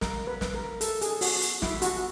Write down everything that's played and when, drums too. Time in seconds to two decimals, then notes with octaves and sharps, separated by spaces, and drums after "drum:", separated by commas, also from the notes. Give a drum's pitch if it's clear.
0.01 A#4, drum: snare
0.27 B4
0.41 drum: snare
0.55 A#4
0.81 A4, drum: hi-hat
1.01 G#4, drum: hi-hat
1.21 F#4, drum: open hi-hat
1.42 drum: hi-hat
1.62 E4, drum: snare
1.82 F#4, drum: hi-hat